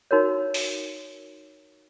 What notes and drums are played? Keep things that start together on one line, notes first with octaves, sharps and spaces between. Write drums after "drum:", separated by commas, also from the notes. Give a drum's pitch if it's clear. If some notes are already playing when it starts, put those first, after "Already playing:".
D#4 F#4 A#4 C#5
drum: open hi-hat